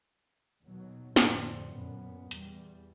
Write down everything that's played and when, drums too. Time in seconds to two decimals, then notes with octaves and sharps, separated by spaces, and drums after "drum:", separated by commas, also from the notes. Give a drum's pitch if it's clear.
0.63 D#2 B2 F#3
1.16 F2 A2 D3 C4, drum: snare
1.68 F#2 A#2 B3
2.31 E2 G3, drum: hi-hat